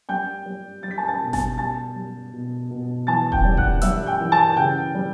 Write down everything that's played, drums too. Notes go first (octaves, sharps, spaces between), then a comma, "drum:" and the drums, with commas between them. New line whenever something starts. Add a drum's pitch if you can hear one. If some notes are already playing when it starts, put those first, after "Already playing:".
G3 G5 G6
G3
G3 A6
B6
A5 A6
A5 A6
B2
A5 A6, drum: snare G1
G3 A5 A6
G3
B2
B2
E3 A5 A6
G5 G6, drum: kick E1
G3
F#5 F#6, drum: kick E1
G3 E5 E6, drum: hi-hat
G5 G6
E3
A5 A6
C#3 G5 G6
G3